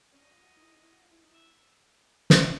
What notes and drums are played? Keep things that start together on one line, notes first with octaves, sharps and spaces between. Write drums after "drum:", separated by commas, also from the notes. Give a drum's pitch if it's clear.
C#4 D#5
D4
F4
F#4
D#4
E4
D#4
E4
F#4
F4
E4
D#4
E4 E5
drum: snare